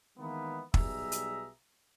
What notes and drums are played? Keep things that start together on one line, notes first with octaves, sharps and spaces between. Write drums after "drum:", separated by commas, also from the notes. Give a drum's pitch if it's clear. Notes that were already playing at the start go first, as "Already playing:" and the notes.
D#3 E3 G#3 A#3 B3
B1 B2 G3 G#4 E5 A#5, drum: kick
drum: hi-hat